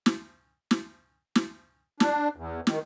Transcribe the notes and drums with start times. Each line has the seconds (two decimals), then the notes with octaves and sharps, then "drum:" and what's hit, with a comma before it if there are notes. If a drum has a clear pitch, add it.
0.06 drum: snare
0.71 drum: snare
1.35 drum: snare
2.00 D4, drum: snare
2.36 E2
2.67 D#3, drum: snare